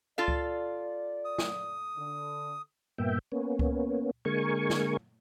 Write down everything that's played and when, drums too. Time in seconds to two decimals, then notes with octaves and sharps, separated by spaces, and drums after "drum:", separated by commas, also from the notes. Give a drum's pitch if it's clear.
0.18 F4 A4 D5 F5
0.28 drum: kick C#2
1.25 D#6
1.38 drum: snare
1.97 D3
2.98 G2 A#2 A#3 B3 E5 G5
3.32 A#3 B3 C#4
3.59 drum: kick C#2
4.25 D3 G#3 A#3 A#4 G#5 C#6
4.70 drum: snare